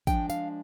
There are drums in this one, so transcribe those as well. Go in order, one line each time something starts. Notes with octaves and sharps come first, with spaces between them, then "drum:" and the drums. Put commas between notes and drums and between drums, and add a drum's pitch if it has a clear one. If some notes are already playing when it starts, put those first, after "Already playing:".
F3 G#3 D4 G5, drum: kick, tambourine
F5, drum: tambourine